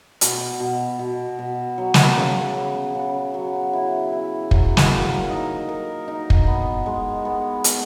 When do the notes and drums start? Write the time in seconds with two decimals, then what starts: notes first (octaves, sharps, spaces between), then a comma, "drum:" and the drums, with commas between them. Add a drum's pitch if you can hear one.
0.21 B2, drum: hi-hat
0.60 B2
0.99 B2
1.39 B2
1.78 F#3
1.94 drum: snare
2.17 C#3
2.56 B3
2.95 C#3
3.34 F#3
3.73 E4
4.12 E4
4.51 F#3, drum: kick
4.77 drum: snare
4.91 A#3
5.30 D#4
5.69 A#4
6.08 D#4
6.30 drum: kick
6.47 B3
6.86 G#3
7.25 B3
7.64 B3, drum: hi-hat